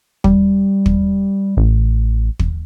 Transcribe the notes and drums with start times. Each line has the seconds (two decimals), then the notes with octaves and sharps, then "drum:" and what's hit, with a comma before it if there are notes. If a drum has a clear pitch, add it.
0.24 G3, drum: kick
0.86 drum: kick
1.57 A1
2.39 drum: kick